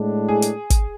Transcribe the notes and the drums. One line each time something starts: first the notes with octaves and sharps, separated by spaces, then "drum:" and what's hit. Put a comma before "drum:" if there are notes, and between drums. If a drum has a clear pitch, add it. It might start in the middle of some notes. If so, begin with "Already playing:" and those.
Already playing: A2 G#3 D4
G#4
drum: hi-hat
drum: kick, hi-hat